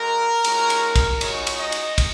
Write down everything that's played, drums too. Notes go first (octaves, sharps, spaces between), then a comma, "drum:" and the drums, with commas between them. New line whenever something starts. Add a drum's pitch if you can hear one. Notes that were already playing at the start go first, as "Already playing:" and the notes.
Already playing: G#3 F#4 A#4
G#3 C#4 F#4, drum: cymbal
drum: cymbal
drum: kick, cymbal
G#3 D#4 F#4 C#5, drum: cymbal
drum: cymbal
D#5
drum: cymbal
drum: kick, cymbal